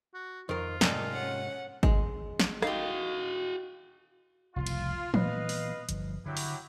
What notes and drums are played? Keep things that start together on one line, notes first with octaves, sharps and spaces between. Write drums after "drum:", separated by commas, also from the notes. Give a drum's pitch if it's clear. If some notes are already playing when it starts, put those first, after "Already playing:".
F#4
F2 D#3 F4 A#4 C5
G#2 C3 A4 A#4 D5 D#5, drum: snare
C#4 F#5
G#3, drum: kick G#1
drum: snare
D#4 F#4 G4 F5, drum: rim click
F1 C2 C#3 F4
drum: cymbal
A#2 E3 B3 B4 D#5 F5, drum: tom
drum: open hi-hat
G1 F3, drum: hi-hat
D3 F#3 E4 G4
drum: open hi-hat